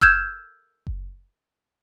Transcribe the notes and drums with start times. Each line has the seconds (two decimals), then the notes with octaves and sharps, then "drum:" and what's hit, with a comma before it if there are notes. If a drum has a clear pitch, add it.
0.01 E6 F6 G6 G#6 E7, drum: kick F#1
0.87 drum: kick F#1